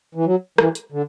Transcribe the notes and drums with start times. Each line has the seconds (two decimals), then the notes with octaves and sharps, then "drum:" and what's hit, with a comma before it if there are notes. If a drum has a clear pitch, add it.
0.15 E3
0.25 F#3
0.58 E3, drum: rim click
0.75 drum: hi-hat
0.92 D3